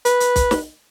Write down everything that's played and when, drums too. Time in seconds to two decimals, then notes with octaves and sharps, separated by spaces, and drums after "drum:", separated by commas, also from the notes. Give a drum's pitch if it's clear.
0.05 B4, drum: hi-hat
0.20 drum: hi-hat
0.36 drum: kick B1, hi-hat
0.51 drum: snare